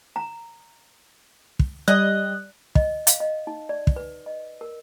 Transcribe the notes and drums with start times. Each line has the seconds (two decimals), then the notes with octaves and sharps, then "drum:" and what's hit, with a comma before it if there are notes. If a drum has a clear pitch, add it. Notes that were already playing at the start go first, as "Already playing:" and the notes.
0.16 A#5
1.59 drum: kick
1.88 G3 D5 D#5 F#6
2.75 D#5, drum: kick
3.07 F5, drum: hi-hat
3.20 D#5
3.47 D#4
3.69 D5
3.87 drum: kick
3.96 B4
4.26 D#5
4.61 A#4